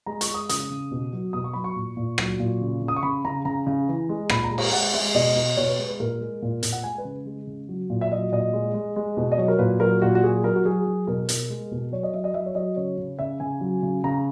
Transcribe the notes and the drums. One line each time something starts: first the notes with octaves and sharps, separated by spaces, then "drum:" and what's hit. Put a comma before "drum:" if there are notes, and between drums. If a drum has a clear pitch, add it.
G#3 A#5
C#6, drum: hi-hat
G#3
D#6
C#3 D#6, drum: hi-hat
C#3
B2
F#3
B2 D#6
C#6
F#3 B5
C#6
A#2
A#2
F#3, drum: rim click
A#2
C#3
C#3
D#6
C#6
C#3 B5
C#3 A#5
C#3 A#5
C#3
E3
G#3
A#2 B5, drum: rim click
A#5
G#3
A#5, drum: cymbal
G#3 F#5
G#3 E5
B2 D#5
B2
B2 C#5
B4
G#3
B4
A#2 A#4
G#3
A#2
A#2, drum: hi-hat
F#5
G#3 G#5
B4
C#3
G#3
C#3
F#3
A#2
E5
F#3 D#5
A#2 D#5
G#3
G#3
G#3
B2
D#5
F#3 C#5
A#4
A#2 B4
F#3 A#4
A#2 F#4
F#4
F#3 G#4
F#3 A#4
F#4
F#3 G#4
F#3
B2 A#4
B2, drum: hi-hat
G#3
B2
F#3 C#5
D#5
F#3 E5
D#5
F#3 E5
C#5
F#3 D#5
C#3 C#5
C#3
C#3 E5
C#3 G#5
F#3
C#3
C#3 A#5